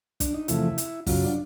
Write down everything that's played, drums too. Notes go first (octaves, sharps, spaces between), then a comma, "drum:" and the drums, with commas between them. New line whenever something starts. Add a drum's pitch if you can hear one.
D4, drum: kick, hi-hat
D#4
E2 C3 F3 A3 E4, drum: hi-hat
drum: hi-hat
F#2 C#3 F#3 F4, drum: kick, open hi-hat
D4